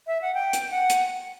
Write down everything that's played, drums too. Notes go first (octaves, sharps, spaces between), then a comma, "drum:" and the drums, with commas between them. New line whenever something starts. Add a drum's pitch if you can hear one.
E5
F#5
G5
drum: hi-hat
F#5
drum: hi-hat